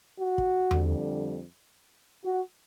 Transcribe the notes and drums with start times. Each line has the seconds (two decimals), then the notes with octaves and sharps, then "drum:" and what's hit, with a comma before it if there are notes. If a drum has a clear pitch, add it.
0.20 F#4
0.38 drum: kick
0.71 F2 D3 G3, drum: tom E2
2.25 F#4